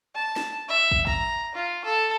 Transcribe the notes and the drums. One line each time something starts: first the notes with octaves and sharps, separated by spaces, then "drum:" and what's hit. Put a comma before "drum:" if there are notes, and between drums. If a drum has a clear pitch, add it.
A5
drum: snare
E5
drum: kick
A#5, drum: kick
F4
A4